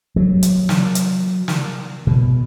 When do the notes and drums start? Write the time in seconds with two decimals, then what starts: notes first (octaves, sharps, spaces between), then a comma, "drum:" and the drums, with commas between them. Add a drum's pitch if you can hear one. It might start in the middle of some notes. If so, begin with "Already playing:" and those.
0.16 F#3
0.43 drum: hi-hat
0.69 drum: snare
0.95 drum: hi-hat
1.48 drum: snare
2.07 B2